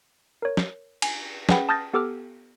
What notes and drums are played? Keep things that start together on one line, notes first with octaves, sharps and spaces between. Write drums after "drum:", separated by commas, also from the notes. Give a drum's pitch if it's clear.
A#4 C#5
drum: snare
G#5, drum: cymbal
C#4 G#4 B4 F#5 G5 B5, drum: snare
A5 D#6 F6 G6 A6 A#6
B3 G4 A4 D6 E6 F6